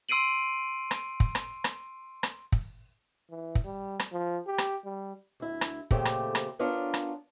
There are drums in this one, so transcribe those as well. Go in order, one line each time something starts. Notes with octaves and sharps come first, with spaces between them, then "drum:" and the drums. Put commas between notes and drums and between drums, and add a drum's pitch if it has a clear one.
C6 E6 C7 D7 D#7 F#7
drum: rim click
drum: kick
drum: rim click
drum: rim click
drum: rim click
drum: kick
E3
drum: kick
G3
drum: rim click
F3
G4
drum: rim click
G3
D2 E4
drum: rim click
F2 A#2 C#3 A3 G4 C5, drum: kick
drum: rim click
drum: rim click
B3 C#4 D4 F4 A#4
drum: rim click